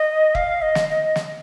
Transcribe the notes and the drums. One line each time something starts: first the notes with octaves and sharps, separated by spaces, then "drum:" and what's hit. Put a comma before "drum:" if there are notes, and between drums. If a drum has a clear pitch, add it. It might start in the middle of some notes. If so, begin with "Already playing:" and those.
Already playing: D#5
F5, drum: kick F1
D#5
drum: snare
D#5
drum: snare